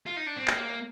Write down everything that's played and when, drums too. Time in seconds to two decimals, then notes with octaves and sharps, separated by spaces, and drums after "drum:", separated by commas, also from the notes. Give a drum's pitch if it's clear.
0.07 F4
0.17 D#4
0.27 D4
0.37 C4
0.48 A#3, drum: clap